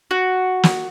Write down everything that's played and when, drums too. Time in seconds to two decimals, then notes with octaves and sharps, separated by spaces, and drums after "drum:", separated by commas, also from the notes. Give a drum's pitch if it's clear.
0.11 F#4
0.63 drum: snare